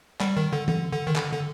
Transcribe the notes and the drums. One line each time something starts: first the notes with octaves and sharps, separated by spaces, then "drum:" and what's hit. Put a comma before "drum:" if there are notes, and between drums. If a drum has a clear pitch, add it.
G3, drum: clap
D#3
D3
D3, drum: tom
D3
D#3
D3, drum: clap
D3